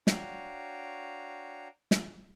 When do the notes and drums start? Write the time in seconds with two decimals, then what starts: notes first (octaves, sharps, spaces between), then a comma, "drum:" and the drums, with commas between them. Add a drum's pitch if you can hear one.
0.07 D4 F#4 C#5 F5 G5 A#5, drum: snare
1.91 drum: snare